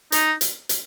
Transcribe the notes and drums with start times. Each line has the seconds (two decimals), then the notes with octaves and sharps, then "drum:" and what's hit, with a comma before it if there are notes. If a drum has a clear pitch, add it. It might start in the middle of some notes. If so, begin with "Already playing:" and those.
0.12 D#4, drum: hi-hat
0.41 drum: hi-hat
0.69 drum: hi-hat